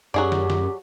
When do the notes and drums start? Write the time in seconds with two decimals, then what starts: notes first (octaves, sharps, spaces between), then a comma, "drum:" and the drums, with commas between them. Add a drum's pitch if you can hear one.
0.14 F#2 F#3 G4 G#4 D5
0.32 drum: snare
0.50 drum: snare